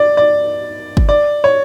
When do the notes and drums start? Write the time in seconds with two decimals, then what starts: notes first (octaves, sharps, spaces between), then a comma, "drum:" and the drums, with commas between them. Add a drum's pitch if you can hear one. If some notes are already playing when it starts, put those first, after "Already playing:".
Already playing: D5
0.17 D5
0.97 drum: kick
1.09 D5
1.44 C#5